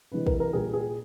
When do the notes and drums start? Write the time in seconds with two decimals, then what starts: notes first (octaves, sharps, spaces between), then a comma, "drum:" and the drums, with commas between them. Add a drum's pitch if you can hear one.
0.12 C3 E3 G#3 B4
0.27 A#4, drum: kick
0.40 A#4
0.53 A#2 G3 G#4
0.73 G#4